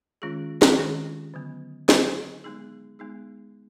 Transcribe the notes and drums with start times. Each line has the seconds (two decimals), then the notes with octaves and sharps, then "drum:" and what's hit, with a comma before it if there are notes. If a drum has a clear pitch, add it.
0.22 D#3 G#3 C#4 F4 G#4
0.62 drum: snare
0.77 D#3 G#3 C#4 F4 G#4
1.34 D3 F#3 B3
1.89 D3 F#3 B3, drum: snare
2.44 G#3 B3 D#4 G#4
2.99 G#3 B3 D#4 G#4